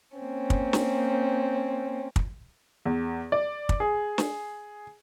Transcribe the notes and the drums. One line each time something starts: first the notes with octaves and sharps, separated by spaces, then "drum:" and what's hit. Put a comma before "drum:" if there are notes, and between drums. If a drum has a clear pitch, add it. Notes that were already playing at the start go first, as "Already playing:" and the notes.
A#3 C4 C#4
drum: kick
drum: snare
drum: kick
E2
D5
drum: kick
G#4
drum: snare